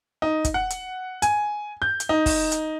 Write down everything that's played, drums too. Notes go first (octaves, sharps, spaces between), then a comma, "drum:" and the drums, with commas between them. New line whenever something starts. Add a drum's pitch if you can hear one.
D#4
drum: kick, hi-hat
F#5
drum: hi-hat
G#5, drum: hi-hat
G6
drum: hi-hat
D#4
drum: kick, open hi-hat
drum: hi-hat